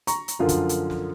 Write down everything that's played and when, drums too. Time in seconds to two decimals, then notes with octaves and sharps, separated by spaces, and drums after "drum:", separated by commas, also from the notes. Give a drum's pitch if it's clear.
0.07 A#5 C#6, drum: hi-hat
0.28 drum: hi-hat
0.39 F#2 D3 F3 F4 A#4
0.49 drum: kick, hi-hat
0.69 drum: hi-hat
0.90 drum: snare